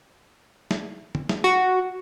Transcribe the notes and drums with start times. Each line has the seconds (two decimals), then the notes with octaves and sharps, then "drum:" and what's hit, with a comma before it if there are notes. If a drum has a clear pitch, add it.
0.71 drum: snare
1.15 drum: tom
1.29 drum: snare
1.44 F#4